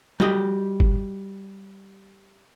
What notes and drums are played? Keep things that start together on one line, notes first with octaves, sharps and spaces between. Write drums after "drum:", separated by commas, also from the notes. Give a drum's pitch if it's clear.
G3 F#4 G4 D#5, drum: tom
drum: kick G1